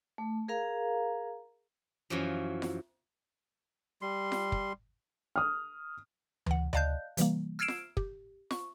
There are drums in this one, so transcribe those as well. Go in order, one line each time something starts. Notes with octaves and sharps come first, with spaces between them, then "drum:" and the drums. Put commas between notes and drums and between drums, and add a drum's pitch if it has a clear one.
A3
G#4 A#4 F5 A#5
F#2 E3 F3
drum: snare F4
G3 C6
drum: snare F4
drum: kick
D#6 F6
E3 F#5, drum: tom D2
D5 D#5 F5 A5 F#6 G6, drum: tom D2
C3 E3 G3 A#3, drum: hi-hat
E6 F6 G#6 C7 D7 E7
drum: snare F4
G4, drum: kick
C#6, drum: snare F4